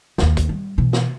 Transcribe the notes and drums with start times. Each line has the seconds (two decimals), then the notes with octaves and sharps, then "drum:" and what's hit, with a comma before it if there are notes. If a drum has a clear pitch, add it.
0.18 D#2 D#3, drum: snare
0.37 drum: kick, hi-hat
0.49 G3
0.78 B2 E3
0.93 drum: snare